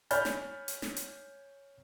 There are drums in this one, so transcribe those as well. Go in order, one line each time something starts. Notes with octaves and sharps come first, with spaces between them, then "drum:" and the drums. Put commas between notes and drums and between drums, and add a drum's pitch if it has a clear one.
C#5 G#5 B5 F6 G6 A6, drum: hi-hat
drum: snare
drum: hi-hat
drum: snare
drum: hi-hat